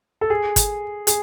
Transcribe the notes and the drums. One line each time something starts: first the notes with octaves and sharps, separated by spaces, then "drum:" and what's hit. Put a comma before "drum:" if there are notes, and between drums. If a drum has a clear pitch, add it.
A4
G#4
drum: kick, hi-hat
G#4, drum: hi-hat